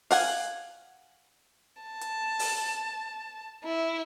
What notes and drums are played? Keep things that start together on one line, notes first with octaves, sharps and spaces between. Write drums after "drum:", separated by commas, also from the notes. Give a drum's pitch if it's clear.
F5 F#5 G#5, drum: open hi-hat
A5
drum: hi-hat
drum: open hi-hat
E4